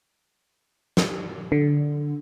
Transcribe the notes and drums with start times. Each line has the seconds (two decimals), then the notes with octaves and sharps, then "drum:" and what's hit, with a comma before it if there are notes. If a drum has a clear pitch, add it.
0.97 drum: snare
1.52 D3